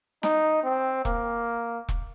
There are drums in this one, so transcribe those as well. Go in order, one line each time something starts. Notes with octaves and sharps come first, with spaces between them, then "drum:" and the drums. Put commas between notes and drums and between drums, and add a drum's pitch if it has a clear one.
D#4, drum: snare
C4
A#3, drum: kick E1
drum: kick E1